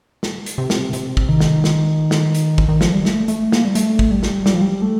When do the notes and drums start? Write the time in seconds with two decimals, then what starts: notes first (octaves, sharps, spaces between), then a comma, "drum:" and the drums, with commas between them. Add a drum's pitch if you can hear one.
0.23 drum: snare
0.46 drum: hi-hat
0.58 C3
0.70 drum: snare
0.93 C3, drum: hi-hat
1.17 drum: kick
1.29 D#3
1.40 drum: snare
1.64 drum: snare
2.11 drum: snare
2.35 drum: hi-hat
2.58 drum: kick
2.69 D#3
2.81 F3, drum: snare
2.94 G3
3.05 A3, drum: snare
3.28 A3, drum: hi-hat
3.52 A#3, drum: snare
3.65 G3
3.75 A3, drum: hi-hat
3.99 drum: kick
4.11 G3
4.23 drum: snare
4.46 G3, drum: snare
4.54 F3
4.61 G3
4.82 A3